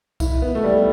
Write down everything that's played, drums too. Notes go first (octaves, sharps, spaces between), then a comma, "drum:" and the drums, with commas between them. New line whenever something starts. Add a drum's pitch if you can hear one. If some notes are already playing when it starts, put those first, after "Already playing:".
E4, drum: kick C2, tambourine
B3
A3
G3